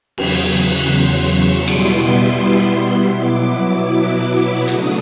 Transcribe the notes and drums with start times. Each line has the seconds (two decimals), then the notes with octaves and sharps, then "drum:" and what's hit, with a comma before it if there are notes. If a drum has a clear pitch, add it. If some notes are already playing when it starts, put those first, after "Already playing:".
0.18 E2 C#3 F#3 G#6, drum: cymbal
0.55 F#6
0.93 C6
1.30 C#6
1.68 B2 G3 B3 E4 C6, drum: cymbal
3.18 B2 F#3 B3 E4 D6
4.68 C#3 F#3 A3 D4 D#6, drum: hi-hat